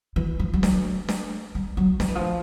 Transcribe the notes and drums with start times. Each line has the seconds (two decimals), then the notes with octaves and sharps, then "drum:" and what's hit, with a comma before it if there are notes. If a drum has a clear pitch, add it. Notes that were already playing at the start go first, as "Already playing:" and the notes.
0.16 E3
0.39 F3
0.53 G3
0.63 F#3, drum: snare D4
1.08 drum: snare D4
1.55 G3
1.77 F#3
2.00 F3, drum: snare D4
2.08 E3
2.15 F3